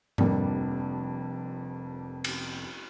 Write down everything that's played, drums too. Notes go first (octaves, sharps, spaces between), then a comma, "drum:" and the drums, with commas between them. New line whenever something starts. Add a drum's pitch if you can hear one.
F1 F2 G3 A#3 D4, drum: tom G#2
drum: cymbal